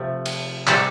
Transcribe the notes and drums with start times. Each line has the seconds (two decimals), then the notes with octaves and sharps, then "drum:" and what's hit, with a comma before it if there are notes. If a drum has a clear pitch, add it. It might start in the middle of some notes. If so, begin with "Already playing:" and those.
Already playing: C3 F3 A3
0.26 drum: cymbal
0.67 C3 G3 A4, drum: clap